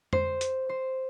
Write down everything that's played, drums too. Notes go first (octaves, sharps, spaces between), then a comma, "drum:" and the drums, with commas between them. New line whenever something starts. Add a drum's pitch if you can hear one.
C5, drum: tom F2
drum: hi-hat
C5